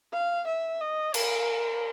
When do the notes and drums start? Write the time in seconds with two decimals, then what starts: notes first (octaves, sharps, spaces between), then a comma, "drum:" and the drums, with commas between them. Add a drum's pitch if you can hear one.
0.13 F5
0.47 E5
0.80 D#5
1.14 A#4, drum: cymbal